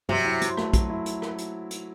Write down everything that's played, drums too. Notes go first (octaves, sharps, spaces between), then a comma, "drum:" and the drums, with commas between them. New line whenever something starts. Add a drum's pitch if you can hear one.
C3 F#3, drum: tom G2
E4
F#3, drum: hi-hat
A3, drum: rim click
F#3, drum: kick, hi-hat
E4
drum: hi-hat
drum: rim click
drum: hi-hat
drum: hi-hat